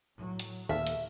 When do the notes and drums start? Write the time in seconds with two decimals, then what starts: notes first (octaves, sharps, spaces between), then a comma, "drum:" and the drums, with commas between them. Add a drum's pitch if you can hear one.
0.16 A2 F#3
0.39 drum: hi-hat
0.69 D#2 A#2 A4 E5 F5
0.87 drum: hi-hat